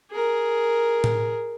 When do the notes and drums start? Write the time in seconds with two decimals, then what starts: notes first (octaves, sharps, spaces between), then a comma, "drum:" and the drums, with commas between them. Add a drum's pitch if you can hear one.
0.11 G#4 A#4
1.04 drum: tom A2